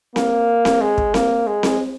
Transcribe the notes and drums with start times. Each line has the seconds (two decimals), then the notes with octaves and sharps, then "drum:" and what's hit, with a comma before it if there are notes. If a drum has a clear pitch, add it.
0.16 A#3, drum: snare C4
0.65 drum: snare C4
0.81 G#3
0.98 drum: kick
1.14 A#3, drum: snare C4
1.47 G#3
1.63 drum: snare C4